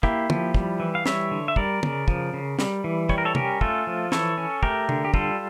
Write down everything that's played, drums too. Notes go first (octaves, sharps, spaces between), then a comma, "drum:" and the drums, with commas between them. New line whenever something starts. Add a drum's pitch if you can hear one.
A#3 E4 G4, drum: kick
F3, drum: tom
G3, drum: kick
E3
F5
G3 C#5 E5, drum: snare
D3
E5
G3 A#4 D5, drum: kick
C#3, drum: tom
F3, drum: kick
C#3
G3, drum: snare
E3
G3 C#5, drum: kick
A#4
A4 C#5
C#4 G4 A#4, drum: tom
A3 F4 A4, drum: kick
F3
E3 A4 C#5, drum: snare
C#4
A3 G4 A#4, drum: kick
D3, drum: tom
G4
G3 F4 A4, drum: kick